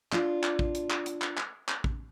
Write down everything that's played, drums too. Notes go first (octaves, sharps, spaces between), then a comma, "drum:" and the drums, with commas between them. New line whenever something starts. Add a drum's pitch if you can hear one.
D4 F4, drum: clap
drum: clap
drum: kick
drum: hi-hat
drum: clap
drum: hi-hat
drum: clap
drum: clap
drum: clap
drum: kick